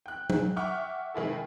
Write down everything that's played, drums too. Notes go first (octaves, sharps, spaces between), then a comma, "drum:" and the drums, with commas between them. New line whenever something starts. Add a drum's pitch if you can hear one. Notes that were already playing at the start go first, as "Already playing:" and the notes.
G5 F#6
drum: tom F#3
E5 F#5 G5 C#6 D6 F6
D#3 G#3 E4 A4